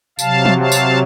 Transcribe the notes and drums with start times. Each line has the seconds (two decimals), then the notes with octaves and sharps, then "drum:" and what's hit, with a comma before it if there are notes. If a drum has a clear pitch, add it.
0.19 C3 F#3 F5 A5, drum: tambourine
0.45 drum: tom
0.58 F5 A5
0.72 drum: tambourine